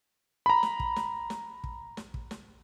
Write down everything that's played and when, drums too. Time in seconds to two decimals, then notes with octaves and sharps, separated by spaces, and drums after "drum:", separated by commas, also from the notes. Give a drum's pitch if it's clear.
0.46 A#5 B5
0.63 drum: snare
0.80 drum: kick
0.96 drum: snare
1.30 drum: snare
1.64 drum: kick
1.97 drum: snare
2.14 drum: kick
2.31 drum: snare